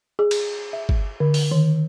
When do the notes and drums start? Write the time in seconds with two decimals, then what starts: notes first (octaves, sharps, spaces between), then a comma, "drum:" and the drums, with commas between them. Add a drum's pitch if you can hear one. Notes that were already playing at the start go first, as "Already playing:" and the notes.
0.19 G#4
0.31 drum: cymbal
0.73 E5
0.89 drum: kick
1.20 D3
1.34 drum: open hi-hat
1.51 D#3